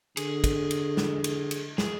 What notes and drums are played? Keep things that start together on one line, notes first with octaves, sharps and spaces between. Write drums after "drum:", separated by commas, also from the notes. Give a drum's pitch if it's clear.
D3 G#4, drum: cymbal
drum: kick, cymbal
drum: cymbal
drum: snare
drum: cymbal
drum: cymbal
G#4, drum: snare